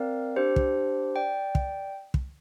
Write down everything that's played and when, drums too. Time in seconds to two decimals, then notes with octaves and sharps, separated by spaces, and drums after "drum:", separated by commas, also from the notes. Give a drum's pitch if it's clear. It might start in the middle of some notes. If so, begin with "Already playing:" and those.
Already playing: C4 A#4 D5 F5
0.36 D4 G4 C5
0.56 drum: kick
1.16 D5 G5
1.55 drum: kick
2.14 drum: kick